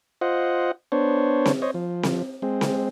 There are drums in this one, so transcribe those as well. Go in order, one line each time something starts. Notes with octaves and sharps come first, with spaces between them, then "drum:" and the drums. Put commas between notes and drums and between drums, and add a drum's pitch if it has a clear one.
F4 C5 D#5 F#5
B3 D4 C5 C#5
drum: snare C4
C5 C#5 D#5
F3
drum: snare C4
G#3 C4
drum: snare C4